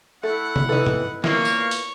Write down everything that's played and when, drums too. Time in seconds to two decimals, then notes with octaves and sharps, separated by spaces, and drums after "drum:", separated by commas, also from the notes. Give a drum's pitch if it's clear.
0.23 A3 E4 A4 F#5
0.56 drum: tom C3
0.69 E3 D#4 A4
0.86 drum: tom
1.24 A#2 A#3 B3 E4 C#5, drum: snare
1.45 drum: tambourine
1.71 drum: hi-hat